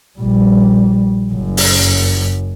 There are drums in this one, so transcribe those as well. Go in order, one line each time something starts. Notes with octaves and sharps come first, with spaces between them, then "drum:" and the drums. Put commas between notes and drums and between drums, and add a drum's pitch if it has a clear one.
A#1 G3
F#1 F#2
drum: open hi-hat